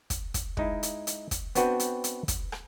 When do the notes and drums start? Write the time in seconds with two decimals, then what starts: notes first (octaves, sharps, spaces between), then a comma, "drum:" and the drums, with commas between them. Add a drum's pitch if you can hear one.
0.10 drum: kick, hi-hat
0.34 drum: kick, hi-hat
0.57 G#3 D#4 E4, drum: kick
0.83 drum: hi-hat
1.07 drum: hi-hat
1.31 drum: kick, hi-hat
1.55 B3 C4 D4 F#4 B4 G5, drum: hi-hat
1.80 drum: hi-hat
2.04 drum: hi-hat
2.28 drum: kick, hi-hat
2.52 drum: rim click